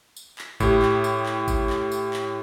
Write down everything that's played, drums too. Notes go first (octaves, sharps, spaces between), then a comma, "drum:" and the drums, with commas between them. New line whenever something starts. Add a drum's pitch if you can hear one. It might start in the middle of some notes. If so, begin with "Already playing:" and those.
drum: tambourine
drum: clap
A2 G4, drum: kick, tambourine
drum: clap
drum: tambourine
drum: clap
drum: kick, tambourine
drum: clap
drum: tambourine
drum: clap